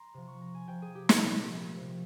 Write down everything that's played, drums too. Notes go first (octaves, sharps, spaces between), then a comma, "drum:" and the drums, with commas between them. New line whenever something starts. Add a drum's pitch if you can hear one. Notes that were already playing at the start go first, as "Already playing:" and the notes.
Already playing: A#5 C6
C3 F3
C#6
A#5
G#5
C3 F3 G5
G#4
G4
G4, drum: snare
A#2 F3
C3 F3